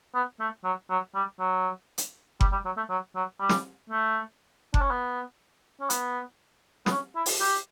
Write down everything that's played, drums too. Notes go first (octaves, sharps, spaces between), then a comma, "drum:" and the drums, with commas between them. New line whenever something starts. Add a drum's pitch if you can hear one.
B3
A3
F#3
F#3
G3
F#3
drum: hi-hat
G3, drum: kick F#1
G3
F#3
A3
F#3
F#3
G3
drum: snare
A3
D4, drum: kick F#1
C#4
B3
C#4
B3, drum: hi-hat
B3, drum: snare
C#4
E4
drum: open hi-hat
G4